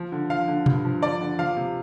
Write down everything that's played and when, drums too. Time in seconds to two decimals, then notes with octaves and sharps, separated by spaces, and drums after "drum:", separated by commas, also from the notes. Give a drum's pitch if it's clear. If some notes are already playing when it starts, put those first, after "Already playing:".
Already playing: F3
0.12 D3
0.30 F3 F5
0.48 D3
0.66 G2, drum: tom B2
0.85 F3
1.02 F3 D5
1.21 D3
1.39 F3 F5
1.56 C3